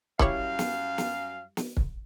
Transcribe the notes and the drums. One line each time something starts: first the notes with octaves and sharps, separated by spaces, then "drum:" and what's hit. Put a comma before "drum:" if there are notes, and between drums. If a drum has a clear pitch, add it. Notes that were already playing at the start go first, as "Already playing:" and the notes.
F#2 G3 E4 C#5 F5, drum: kick
drum: snare
drum: snare
drum: snare
drum: kick